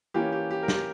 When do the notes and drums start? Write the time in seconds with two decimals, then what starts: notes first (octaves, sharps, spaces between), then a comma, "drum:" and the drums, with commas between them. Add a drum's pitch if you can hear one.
0.14 E3 A#3 C#4 G4
0.32 G4
0.51 G4
0.63 A#4
0.68 G4, drum: snare